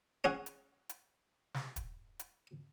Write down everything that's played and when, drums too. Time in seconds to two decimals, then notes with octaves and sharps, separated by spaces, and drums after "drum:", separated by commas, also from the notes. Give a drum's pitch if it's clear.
0.24 C#4 G#4 F#5
0.46 drum: hi-hat
0.89 drum: hi-hat
1.54 drum: snare
1.76 drum: kick, hi-hat
2.19 drum: hi-hat